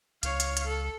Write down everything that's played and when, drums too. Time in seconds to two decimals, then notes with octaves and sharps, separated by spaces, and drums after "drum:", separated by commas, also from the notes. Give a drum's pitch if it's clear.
0.23 C#2 C#5 F5, drum: hi-hat
0.40 drum: hi-hat
0.57 drum: hi-hat
0.67 A4